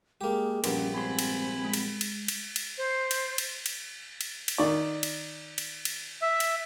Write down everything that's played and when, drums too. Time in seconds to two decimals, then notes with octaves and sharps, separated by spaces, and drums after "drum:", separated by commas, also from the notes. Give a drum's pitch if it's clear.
0.21 G#3 A#3 G4
0.64 A#1 G2 A#3 B3 C#4 G4 A4, drum: cymbal
0.94 G#2 C4 G#5 B5 C6
1.19 drum: cymbal
1.64 G#3
1.74 drum: cymbal
2.01 drum: cymbal
2.28 drum: cymbal
2.56 drum: cymbal
2.77 C5
3.11 drum: cymbal
3.38 drum: cymbal
3.66 drum: cymbal
4.21 drum: cymbal
4.48 drum: cymbal
4.58 D#3 D5
5.03 drum: cymbal
5.58 drum: cymbal
5.85 drum: cymbal
6.22 E5
6.40 drum: cymbal